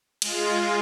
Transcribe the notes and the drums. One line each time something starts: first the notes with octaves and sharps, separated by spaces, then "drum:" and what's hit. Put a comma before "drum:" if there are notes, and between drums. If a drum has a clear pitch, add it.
G#3 F4, drum: cymbal